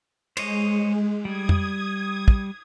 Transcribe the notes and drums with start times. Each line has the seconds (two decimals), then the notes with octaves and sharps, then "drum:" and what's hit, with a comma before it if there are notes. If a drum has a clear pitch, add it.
0.37 G#3 C5 C#5 D#5, drum: cymbal
1.25 G3 D#6 G#6
1.49 drum: tom
2.28 drum: kick